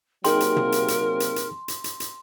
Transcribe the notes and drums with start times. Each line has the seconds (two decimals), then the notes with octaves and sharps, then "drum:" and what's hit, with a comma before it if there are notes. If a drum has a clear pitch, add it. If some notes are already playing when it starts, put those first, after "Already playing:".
0.24 C3 F#3 A#3 D#4 G#4 A#4 G5 C6, drum: hi-hat
0.40 drum: hi-hat
0.56 drum: tom
0.72 drum: hi-hat
0.88 drum: hi-hat
1.20 drum: hi-hat
1.36 drum: hi-hat
1.68 drum: hi-hat
1.84 drum: hi-hat
2.00 drum: hi-hat